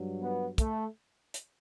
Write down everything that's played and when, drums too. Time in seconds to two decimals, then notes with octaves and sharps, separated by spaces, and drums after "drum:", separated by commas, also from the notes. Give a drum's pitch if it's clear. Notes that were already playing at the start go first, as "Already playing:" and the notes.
Already playing: G2 F#3
0.20 B3
0.58 A3, drum: kick, hi-hat
1.34 drum: hi-hat